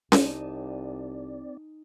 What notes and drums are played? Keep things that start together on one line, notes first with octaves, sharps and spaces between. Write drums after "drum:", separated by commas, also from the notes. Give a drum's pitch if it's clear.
C2 C4 D#4 D5 G#5 A5, drum: snare C#4